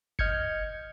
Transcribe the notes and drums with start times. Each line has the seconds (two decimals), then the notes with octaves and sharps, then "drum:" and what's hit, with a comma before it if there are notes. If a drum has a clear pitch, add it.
0.19 D#5 F6 G6 G#6 C#7, drum: kick F#1